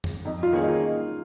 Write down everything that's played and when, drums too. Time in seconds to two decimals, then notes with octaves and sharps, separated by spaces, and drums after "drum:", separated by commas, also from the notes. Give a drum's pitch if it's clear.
0.04 drum: tom F2
0.25 F2 D#4
0.43 F4
0.52 D#3 A#3 C#4 G#4
0.61 D#4